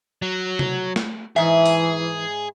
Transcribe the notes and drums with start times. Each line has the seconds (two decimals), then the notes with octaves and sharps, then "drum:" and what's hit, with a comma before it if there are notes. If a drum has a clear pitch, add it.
0.22 F#3
0.59 drum: tom C3
0.96 drum: snare
1.36 G#2 E3 G#4 E5
1.66 drum: open hi-hat